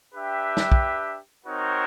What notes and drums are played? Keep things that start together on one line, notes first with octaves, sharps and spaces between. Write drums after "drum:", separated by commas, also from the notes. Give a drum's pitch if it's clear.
D4 G4 B4 E5 G5
drum: snare
drum: kick
C4 D#4 F#4 A#4 C#5